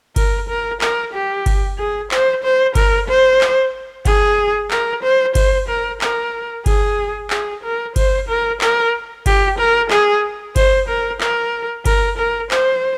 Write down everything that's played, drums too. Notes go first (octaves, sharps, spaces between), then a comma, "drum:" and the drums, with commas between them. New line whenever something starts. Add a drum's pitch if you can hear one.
A#4, drum: kick G1, cymbal
A#4
A#4, drum: clap
G4
drum: kick G1, cymbal
G#4
C5, drum: clap
C5
A#4, drum: kick G1, cymbal
C5
drum: clap
G#4, drum: kick G1, cymbal
A#4, drum: clap
C5
C5, drum: kick G1, cymbal
A#4
A#4, drum: clap
G#4, drum: kick G1, cymbal
G#4, drum: clap
A#4
C5, drum: kick G1, cymbal
A#4
A#4, drum: clap
G4, drum: kick G1, cymbal
A#4
G#4, drum: clap
C5, drum: kick G1, cymbal
A#4
A#4, drum: clap
A#4, drum: kick G1, cymbal
A#4
C5, drum: clap